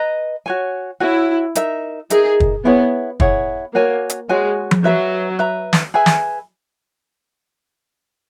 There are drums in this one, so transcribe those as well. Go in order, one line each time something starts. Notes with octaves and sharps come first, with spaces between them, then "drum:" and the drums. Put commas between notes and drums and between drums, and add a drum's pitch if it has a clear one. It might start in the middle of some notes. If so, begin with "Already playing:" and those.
Already playing: B4 D#5 A#5
F#4 C#5 G#5
E4 F#4 C#5 G#5
D#4 A#4 E5, drum: hi-hat
D#4 G#4 A#4 E5, drum: hi-hat
drum: kick
B3 E4 G#4 C#5 F#5
E4 G#4 C#5 F#5, drum: kick
A#3 F#4 C#5 G#5
drum: hi-hat
G#3 F#4 C#5 G#5
drum: tom F3
F#3 B4 E5 A#5
B4 E5 A#5
drum: snare
G#4 B4 E5 G#5
drum: snare